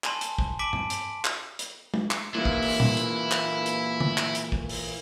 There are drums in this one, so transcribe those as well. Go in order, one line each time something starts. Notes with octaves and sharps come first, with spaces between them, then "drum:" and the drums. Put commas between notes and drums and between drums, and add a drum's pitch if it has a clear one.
G#5 A5 B5 C6, drum: clap
drum: hi-hat
drum: kick
A5 D6 B6 D7 F#7
drum: tom G2
drum: hi-hat
drum: clap
drum: hi-hat
drum: tom
drum: clap
A#2 E3 A#3 E4
drum: kick
drum: open hi-hat
drum: tom A#2
drum: hi-hat
drum: clap
drum: hi-hat
drum: tom C#3
drum: clap
drum: hi-hat
drum: kick
drum: open hi-hat